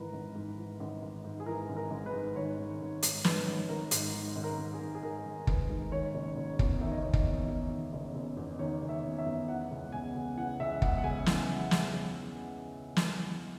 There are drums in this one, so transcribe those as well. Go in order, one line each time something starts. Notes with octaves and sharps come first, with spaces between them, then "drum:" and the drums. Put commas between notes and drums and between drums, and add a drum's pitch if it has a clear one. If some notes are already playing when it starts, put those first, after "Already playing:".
Already playing: G#1 G#2 E3 A#4 B4
G#1
G#2
E3
G#1
G#1
G#2
G#4
E3 A#4
G#1
A#4
G#1
B4
G#2
D#3 C#5
G#1
G#1
G#2, drum: hi-hat
D#3 B4, drum: snare
G#1
G#1 A#4
G#2, drum: hi-hat
D#3
G#1
A#4
G#1
G#4
G#2
G#4
D#3 A#4
G#1
G#1 B4, drum: kick
G#2
D#3 C#5
F#1
F#1
E2, drum: kick
D#3 E5
D#5
F#1 C#5
D#5, drum: kick
F#1
E2
D#3
F#1
F#1
E2
D#3 C#5
F#1
E5
F#1
E5
E2
E3 F#5
C#2
C#2 G#5
C#3
E3 F#5
C#2 E5
C#2 F#5, drum: kick
F#5
C#3 G#5
E3, drum: snare
C#2
C#2, drum: snare
C#3
drum: snare